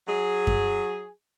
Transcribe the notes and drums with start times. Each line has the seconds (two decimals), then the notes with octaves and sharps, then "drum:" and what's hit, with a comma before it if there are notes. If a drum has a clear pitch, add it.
0.08 F#3 G#4
0.47 drum: kick F#2